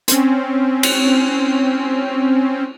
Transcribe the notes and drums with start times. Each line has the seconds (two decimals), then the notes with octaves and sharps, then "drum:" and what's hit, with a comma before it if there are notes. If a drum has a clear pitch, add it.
0.08 C4 C#4, drum: hi-hat
0.83 drum: cymbal